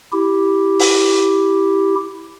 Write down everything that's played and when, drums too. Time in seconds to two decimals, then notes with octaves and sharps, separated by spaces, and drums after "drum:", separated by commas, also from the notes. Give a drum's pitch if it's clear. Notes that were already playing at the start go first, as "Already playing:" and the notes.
0.12 E4 G4
0.79 drum: open hi-hat